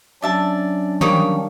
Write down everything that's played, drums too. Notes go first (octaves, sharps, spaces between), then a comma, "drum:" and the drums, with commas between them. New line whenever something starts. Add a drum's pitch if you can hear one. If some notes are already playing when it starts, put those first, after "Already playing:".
F#3 C#4 D4 D5 E5 A5
D#3 G3 A#3 C#5 D#6, drum: tom D#3